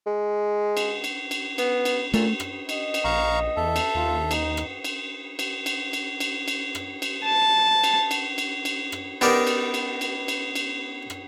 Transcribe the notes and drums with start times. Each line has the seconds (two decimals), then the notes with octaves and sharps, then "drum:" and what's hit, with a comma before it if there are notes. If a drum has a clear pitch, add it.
0.07 G#3
0.77 drum: cymbal
1.04 drum: cymbal
1.31 drum: cymbal
1.58 B3, drum: cymbal
1.85 drum: cymbal
2.14 A#2 A3, drum: cymbal
2.40 drum: rim click
2.69 D#5, drum: cymbal
2.94 drum: cymbal
3.05 A#1 F5 A#5 C#6
3.57 E2 A4 E5
3.76 drum: cymbal
3.95 D#2 F4
4.31 D#4, drum: cymbal
4.57 drum: rim click
4.84 drum: cymbal
5.39 drum: cymbal
5.66 drum: cymbal
5.93 drum: cymbal
6.20 drum: cymbal
6.48 drum: cymbal
6.75 drum: rim click
7.02 drum: cymbal
7.25 A5
7.84 drum: cymbal
8.11 drum: cymbal
8.38 drum: cymbal
8.65 drum: cymbal
8.92 drum: rim click
9.21 B3 D#4 G4 A#4 D5 D#5, drum: cymbal
9.47 drum: cymbal
9.74 drum: cymbal
10.01 drum: cymbal
10.28 drum: cymbal
10.55 drum: cymbal
11.10 drum: rim click